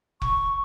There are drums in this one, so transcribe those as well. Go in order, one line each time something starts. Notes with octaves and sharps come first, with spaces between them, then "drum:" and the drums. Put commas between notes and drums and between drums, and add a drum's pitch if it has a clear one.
C#6, drum: kick F1